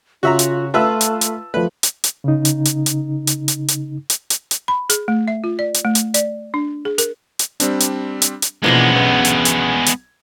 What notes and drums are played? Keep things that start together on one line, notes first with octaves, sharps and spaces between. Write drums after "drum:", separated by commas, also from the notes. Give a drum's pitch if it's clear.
C#3 F4 F#4 E5 A#5
drum: hi-hat
A3 F4 B4 E5 A5 E6
drum: hi-hat
drum: hi-hat
F3 A3 B4
drum: hi-hat
drum: hi-hat
C#3 D#4
drum: hi-hat
drum: hi-hat
drum: hi-hat
drum: hi-hat
drum: hi-hat
drum: hi-hat
drum: hi-hat
drum: hi-hat
drum: hi-hat
B5
G#4, drum: hi-hat
A3
E5
F4
D5
drum: hi-hat
A3
drum: hi-hat
D5, drum: hi-hat
D4
G#4
A#4, drum: hi-hat
drum: hi-hat
G3 C4 D4, drum: hi-hat
drum: hi-hat
drum: hi-hat
drum: hi-hat
B2 E3 F3 G#3 A#3 B3 C#4 D4
B1 B4 G#6
drum: hi-hat
drum: hi-hat
drum: hi-hat